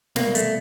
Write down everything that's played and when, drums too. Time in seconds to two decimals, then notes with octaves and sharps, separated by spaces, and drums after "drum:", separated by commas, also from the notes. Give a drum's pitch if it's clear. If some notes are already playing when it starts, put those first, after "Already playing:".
0.16 C2 B2 A#3, drum: snare
0.35 A3, drum: hi-hat